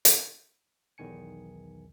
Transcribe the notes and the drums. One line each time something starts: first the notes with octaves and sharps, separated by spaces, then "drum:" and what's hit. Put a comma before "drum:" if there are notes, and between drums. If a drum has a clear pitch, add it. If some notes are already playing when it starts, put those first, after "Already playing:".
drum: hi-hat
B1 E2 D#3 G#5 C#7